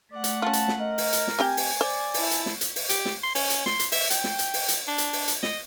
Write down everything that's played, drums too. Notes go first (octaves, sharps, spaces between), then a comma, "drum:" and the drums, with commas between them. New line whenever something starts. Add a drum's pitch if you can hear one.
A3 D5 F#5
drum: hi-hat
C#4 F4 A5
drum: hi-hat
drum: snare
A#4 D#5
drum: open hi-hat
drum: hi-hat
drum: snare
C4 G4 G5 G#5 G#6
drum: open hi-hat
C5 D5
E4 A5, drum: open hi-hat
drum: hi-hat
drum: snare
drum: hi-hat
drum: open hi-hat
G4, drum: hi-hat
drum: snare
C6
C#4, drum: open hi-hat
drum: hi-hat
C6, drum: snare
drum: hi-hat
E5, drum: open hi-hat
G5, drum: hi-hat
drum: snare
drum: hi-hat
drum: open hi-hat
drum: hi-hat
D4
drum: hi-hat
drum: open hi-hat
drum: hi-hat
D#5, drum: snare